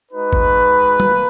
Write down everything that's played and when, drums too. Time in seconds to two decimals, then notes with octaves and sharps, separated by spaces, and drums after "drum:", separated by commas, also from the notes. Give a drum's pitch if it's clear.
0.12 G#3 D#4 F#4 B4
0.33 drum: kick A1
1.00 A#3, drum: tom